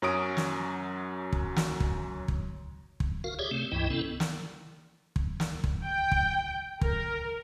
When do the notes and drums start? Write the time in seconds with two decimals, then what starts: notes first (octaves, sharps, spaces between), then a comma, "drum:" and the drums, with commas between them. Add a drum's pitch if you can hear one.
0.02 F#2 F#3 C#4 D#6 D7
0.37 drum: snare
1.33 drum: kick
1.56 drum: snare
1.80 drum: kick
2.28 drum: kick
3.00 drum: kick
3.24 F#4 A#4 F5
3.39 G4 G#4 C#5 D5 E5
3.51 C3 A3 C4
3.71 C#2 G2 E3 E4 D#5 G5
3.90 C3 B3 C#4 E4 A4
4.20 drum: snare
5.16 drum: kick
5.40 drum: snare
5.64 drum: kick
5.83 G5
6.12 drum: kick
6.81 A#4, drum: kick